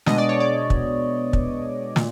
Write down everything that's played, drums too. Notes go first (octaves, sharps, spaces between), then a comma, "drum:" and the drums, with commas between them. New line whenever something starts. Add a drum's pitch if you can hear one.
B2 G#3 B3 D4 D#5, drum: snare
D5
C#5
D5
drum: kick
drum: kick
A#2, drum: snare